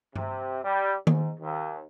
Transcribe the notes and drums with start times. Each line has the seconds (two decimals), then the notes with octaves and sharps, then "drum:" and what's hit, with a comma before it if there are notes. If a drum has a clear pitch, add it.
0.16 C3, drum: tom G2
0.63 G3
1.07 G#2, drum: tom D#3
1.40 D#2